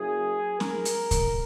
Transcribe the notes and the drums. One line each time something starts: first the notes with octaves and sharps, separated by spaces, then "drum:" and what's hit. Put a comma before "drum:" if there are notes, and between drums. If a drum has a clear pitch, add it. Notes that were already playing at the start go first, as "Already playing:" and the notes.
Already playing: C#3 F#3 A#3 E4 G#4
A#4, drum: snare
drum: hi-hat
drum: kick C2, hi-hat